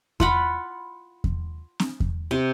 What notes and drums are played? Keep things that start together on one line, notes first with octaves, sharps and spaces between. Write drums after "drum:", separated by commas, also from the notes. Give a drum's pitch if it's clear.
F4 F#5 B5, drum: kick E2
drum: kick E2
drum: snare C4
drum: kick E2
C3